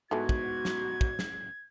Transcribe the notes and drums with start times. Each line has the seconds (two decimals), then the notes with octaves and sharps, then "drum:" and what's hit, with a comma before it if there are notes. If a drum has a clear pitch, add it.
0.11 G#2 E3 G3 A3 B3 F#4 G#6
0.29 drum: kick
0.65 drum: snare
1.01 drum: kick
1.19 drum: snare